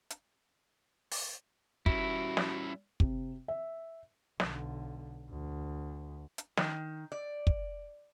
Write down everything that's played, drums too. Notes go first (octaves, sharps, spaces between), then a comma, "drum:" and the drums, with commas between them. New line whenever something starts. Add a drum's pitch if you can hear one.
drum: hi-hat
drum: open hi-hat
G3 C#4 E4 F#4, drum: kick
drum: snare
C3, drum: kick
E5
B1 D3, drum: snare
D2
drum: hi-hat
D#3, drum: snare
D5
drum: kick